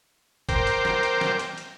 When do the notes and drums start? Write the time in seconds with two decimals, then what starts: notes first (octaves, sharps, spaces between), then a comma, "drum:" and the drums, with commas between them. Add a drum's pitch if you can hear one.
0.49 A#4 C5 G5 D6, drum: kick, hi-hat
0.67 drum: hi-hat
0.85 drum: snare
1.03 drum: hi-hat
1.21 drum: snare
1.39 drum: hi-hat
1.58 drum: hi-hat